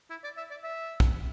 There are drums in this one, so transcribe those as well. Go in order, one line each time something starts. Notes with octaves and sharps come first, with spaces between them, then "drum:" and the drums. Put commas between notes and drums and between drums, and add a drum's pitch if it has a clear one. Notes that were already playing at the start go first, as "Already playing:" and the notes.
E4
D5
E5
D5
E5
drum: kick